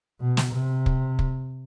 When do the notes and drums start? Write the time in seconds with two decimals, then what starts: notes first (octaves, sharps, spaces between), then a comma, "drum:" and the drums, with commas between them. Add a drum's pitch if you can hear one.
0.20 B2
0.37 drum: snare
0.53 C3
0.86 drum: kick
1.19 drum: kick